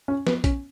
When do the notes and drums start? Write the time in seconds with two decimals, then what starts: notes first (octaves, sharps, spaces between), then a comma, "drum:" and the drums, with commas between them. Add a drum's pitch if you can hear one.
0.08 C#4
0.27 B3, drum: snare
0.44 C#4, drum: kick A#1, hi-hat